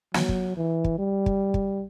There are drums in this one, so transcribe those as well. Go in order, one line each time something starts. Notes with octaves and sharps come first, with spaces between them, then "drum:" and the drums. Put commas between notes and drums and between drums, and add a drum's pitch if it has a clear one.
F#3, drum: snare
drum: kick
E3
drum: kick
G3
drum: kick
drum: kick